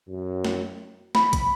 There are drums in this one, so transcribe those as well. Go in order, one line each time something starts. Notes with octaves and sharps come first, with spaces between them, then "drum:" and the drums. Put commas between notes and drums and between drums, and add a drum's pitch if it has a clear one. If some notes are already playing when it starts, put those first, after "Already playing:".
F#2
drum: snare
B5, drum: snare
drum: kick, hi-hat